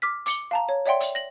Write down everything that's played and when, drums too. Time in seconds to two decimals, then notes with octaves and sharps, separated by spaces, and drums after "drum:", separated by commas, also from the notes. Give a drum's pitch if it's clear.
0.02 D6 F6 B6
0.26 D6 C#7 G7, drum: hi-hat
0.51 F5 A5 A#5
0.69 C#5
0.86 C#5 D5 E5 F#5 G5 C6
1.00 drum: hi-hat
1.15 A#6 F#7